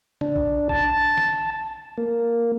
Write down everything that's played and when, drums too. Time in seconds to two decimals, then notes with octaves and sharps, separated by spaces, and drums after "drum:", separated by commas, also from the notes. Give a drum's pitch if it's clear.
0.21 D4, drum: tom C#3
0.36 drum: kick A#1
0.69 A5, drum: kick A#1
1.17 drum: snare
1.98 A#3